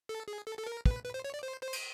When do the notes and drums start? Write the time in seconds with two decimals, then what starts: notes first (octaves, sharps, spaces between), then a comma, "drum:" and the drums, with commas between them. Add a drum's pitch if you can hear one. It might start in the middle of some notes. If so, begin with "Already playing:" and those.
0.09 A4
0.28 G#4
0.47 A4
0.58 A4
0.67 A#4
0.86 B4, drum: kick
1.04 B4
1.14 C5
1.24 C#5
1.34 D5
1.43 C5
1.63 C5
1.73 drum: cymbal